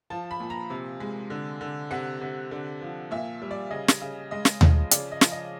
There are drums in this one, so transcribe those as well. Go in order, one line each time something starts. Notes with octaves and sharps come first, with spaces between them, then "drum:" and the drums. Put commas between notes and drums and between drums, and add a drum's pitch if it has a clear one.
F3 A5
B5
A#2
A#5
C3
G#3
D3
D3
C3 F#5
C3
D3
F3
A#2 E5
G3
D5
C#3 D#5
drum: snare
C#3
G#3 D#5
drum: snare
F3, drum: tom D#2
C#3 D5, drum: hi-hat
D#5
F3, drum: snare
D#5